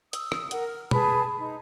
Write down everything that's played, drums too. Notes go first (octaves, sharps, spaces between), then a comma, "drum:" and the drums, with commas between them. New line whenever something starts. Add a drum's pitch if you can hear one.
D#6 E6, drum: hi-hat
drum: rim click
A#4 F#5, drum: hi-hat
F6
G#4 B4 A5 B5, drum: tom B2
D#4